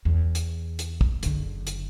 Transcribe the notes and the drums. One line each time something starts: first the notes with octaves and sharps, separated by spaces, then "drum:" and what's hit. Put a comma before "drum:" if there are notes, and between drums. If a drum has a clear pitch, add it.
E2
drum: hi-hat
drum: hi-hat
drum: kick
F#1 D3, drum: hi-hat
drum: hi-hat